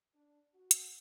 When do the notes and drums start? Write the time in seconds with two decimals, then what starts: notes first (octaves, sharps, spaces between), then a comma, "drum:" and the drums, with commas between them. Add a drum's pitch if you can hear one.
0.15 D4
0.54 F#4
0.71 drum: hi-hat